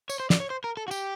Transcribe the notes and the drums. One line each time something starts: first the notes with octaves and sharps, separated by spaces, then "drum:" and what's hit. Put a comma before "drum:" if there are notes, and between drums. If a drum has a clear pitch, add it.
C#5, drum: tambourine
C5
D5, drum: snare
C#5
C5
A#4
A4
F#4
G4, drum: tambourine